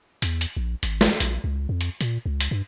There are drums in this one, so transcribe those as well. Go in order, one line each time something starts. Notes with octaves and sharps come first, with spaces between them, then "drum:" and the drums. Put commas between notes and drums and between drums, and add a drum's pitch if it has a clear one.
E2, drum: hi-hat
drum: hi-hat
A#1
G#1, drum: hi-hat
drum: snare
A#1, drum: hi-hat
C#2
F2
drum: hi-hat
A#2, drum: hi-hat
C#2
drum: hi-hat
G2